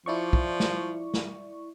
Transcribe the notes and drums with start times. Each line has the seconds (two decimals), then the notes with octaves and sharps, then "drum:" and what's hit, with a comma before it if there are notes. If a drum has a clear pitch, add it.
0.06 F3 E4 D5 C#6
0.33 drum: kick
0.60 drum: snare
1.14 drum: snare